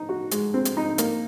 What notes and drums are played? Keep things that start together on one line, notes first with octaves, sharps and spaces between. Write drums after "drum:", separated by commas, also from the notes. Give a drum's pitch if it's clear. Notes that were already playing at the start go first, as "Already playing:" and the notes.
Already playing: D#4
F#4
G#3, drum: hi-hat
C4
drum: hi-hat
D#4
A#3, drum: hi-hat